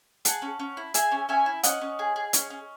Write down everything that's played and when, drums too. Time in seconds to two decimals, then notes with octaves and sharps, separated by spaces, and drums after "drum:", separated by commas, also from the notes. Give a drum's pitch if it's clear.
0.25 G#4 F#5 A5, drum: hi-hat
0.42 C#4
0.59 C#4
0.77 E4
0.94 G#4 E5 G#5, drum: hi-hat
1.11 C#4
1.29 C#4 E5 G#5
1.46 E4
1.63 C#4 D#5 F#5, drum: hi-hat
1.81 C#4
1.99 G#4
2.16 G#4
2.33 C#4, drum: hi-hat
2.50 C#4